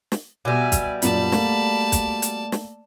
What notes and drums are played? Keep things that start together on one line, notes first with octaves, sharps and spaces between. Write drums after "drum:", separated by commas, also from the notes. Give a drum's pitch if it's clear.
drum: snare
B2 G3 E5 G#5 D6
drum: kick, hi-hat
F#2 A#2 D5 A5 B5, drum: hi-hat
A3 A#3, drum: snare
drum: kick, hi-hat
drum: hi-hat
drum: snare